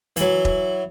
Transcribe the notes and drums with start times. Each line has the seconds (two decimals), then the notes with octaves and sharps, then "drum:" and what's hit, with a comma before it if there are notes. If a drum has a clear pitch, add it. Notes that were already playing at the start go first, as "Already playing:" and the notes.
0.16 E3 F#3, drum: hi-hat
0.45 drum: kick E1